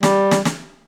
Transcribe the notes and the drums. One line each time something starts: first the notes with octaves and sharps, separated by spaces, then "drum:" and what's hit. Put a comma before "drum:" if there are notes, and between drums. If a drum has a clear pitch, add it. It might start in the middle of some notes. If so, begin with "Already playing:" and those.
G3, drum: snare
drum: snare
drum: snare